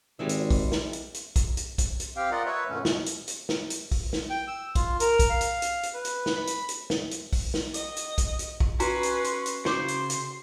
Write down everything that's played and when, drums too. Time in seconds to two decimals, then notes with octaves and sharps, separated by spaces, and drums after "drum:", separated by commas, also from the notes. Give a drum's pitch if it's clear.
0.19 G#1 G3 G#3 E5
0.29 drum: hi-hat
0.50 drum: kick, open hi-hat
0.72 drum: snare
0.93 drum: hi-hat
1.14 drum: hi-hat
1.36 drum: kick, hi-hat
1.57 drum: hi-hat
1.78 drum: kick, hi-hat
2.00 drum: hi-hat
2.17 C4 G4 F5 G5
2.31 F4 A#4 D5 D#5 F#5
2.46 B4 C#5 E5
2.69 F#2 A#2 D3 A3 C#4
2.85 B2, drum: snare
3.06 drum: hi-hat
3.28 drum: hi-hat
3.49 drum: snare
3.70 drum: hi-hat
3.92 drum: kick, open hi-hat
4.13 drum: snare
4.30 G5
4.48 E6
4.75 F4, drum: kick, hi-hat
5.00 A#4, drum: hi-hat
5.19 drum: kick, hi-hat
5.30 F5
5.41 drum: hi-hat
5.62 drum: hi-hat
5.83 drum: hi-hat
5.94 B4
6.05 drum: hi-hat
6.26 drum: snare
6.36 B5
6.47 drum: hi-hat
6.69 drum: hi-hat
6.90 drum: snare
7.11 drum: hi-hat
7.33 drum: kick, open hi-hat
7.54 drum: snare
7.74 D#5, drum: hi-hat
7.96 drum: hi-hat
8.18 drum: kick, hi-hat
8.39 drum: hi-hat
8.60 drum: kick
8.80 C#4 F#4 B4 A#5 C6, drum: hi-hat
9.03 drum: hi-hat
9.24 drum: hi-hat
9.46 drum: hi-hat
9.65 C#3 F#4 C5 C#5 C6 D6, drum: snare
9.88 drum: hi-hat
10.10 drum: hi-hat